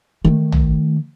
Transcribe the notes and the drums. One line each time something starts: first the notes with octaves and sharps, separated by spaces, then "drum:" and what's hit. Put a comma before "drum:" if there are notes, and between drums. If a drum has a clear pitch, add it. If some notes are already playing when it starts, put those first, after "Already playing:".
D#3 A3
drum: tom